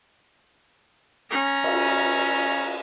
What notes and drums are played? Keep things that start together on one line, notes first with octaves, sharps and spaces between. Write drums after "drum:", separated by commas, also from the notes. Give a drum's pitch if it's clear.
C#4 A#5
drum: cymbal